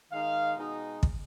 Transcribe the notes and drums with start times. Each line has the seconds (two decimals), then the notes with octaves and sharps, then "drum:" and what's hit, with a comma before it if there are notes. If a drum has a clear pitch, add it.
0.11 D#3 G#3 D#4 F5
0.57 B2 G#3 D#4
1.03 drum: kick